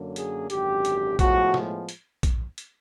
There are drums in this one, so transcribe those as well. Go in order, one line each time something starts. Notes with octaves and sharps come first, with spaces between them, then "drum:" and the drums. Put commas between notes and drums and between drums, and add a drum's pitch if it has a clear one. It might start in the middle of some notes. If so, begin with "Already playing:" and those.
Already playing: F#2 D3 F#3 A#3
G#4, drum: hi-hat
G#1 F#2 D3 G4, drum: hi-hat
drum: hi-hat
A2 F3 G#3 B3 F#4, drum: kick A#1, hi-hat
drum: snare
drum: hi-hat
drum: kick A#1, hi-hat
drum: hi-hat